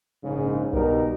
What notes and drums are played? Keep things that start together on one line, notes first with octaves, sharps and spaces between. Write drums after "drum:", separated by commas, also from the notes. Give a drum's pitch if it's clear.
A#1 G#2 C#3
B2 G3 D#4 A#4, drum: kick C2